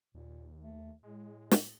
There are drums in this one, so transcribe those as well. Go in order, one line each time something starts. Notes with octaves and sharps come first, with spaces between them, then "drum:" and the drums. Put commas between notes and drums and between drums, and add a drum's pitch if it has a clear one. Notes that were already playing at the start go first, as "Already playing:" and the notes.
D#2 A#2
A3
A2 G#3
drum: snare